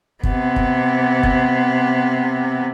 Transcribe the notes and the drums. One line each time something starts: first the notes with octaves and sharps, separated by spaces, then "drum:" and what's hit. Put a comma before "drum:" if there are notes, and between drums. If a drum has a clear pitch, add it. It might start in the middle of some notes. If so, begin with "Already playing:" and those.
C3 B3, drum: kick
drum: kick
drum: kick